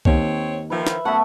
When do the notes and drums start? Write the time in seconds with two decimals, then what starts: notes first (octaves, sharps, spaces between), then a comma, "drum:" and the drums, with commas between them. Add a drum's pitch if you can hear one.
0.05 D#2 C4 C#5, drum: kick
0.70 D#3 F3 B4 E5
0.87 drum: snare
1.05 F#2 A3 B3 E5 F#5